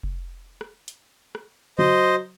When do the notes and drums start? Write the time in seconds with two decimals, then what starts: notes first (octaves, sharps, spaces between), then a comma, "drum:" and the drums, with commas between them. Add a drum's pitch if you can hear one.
0.03 drum: kick F1
0.61 drum: rim click
0.88 drum: hi-hat
1.35 drum: rim click
1.79 F#3 C5 D#5, drum: tom C#3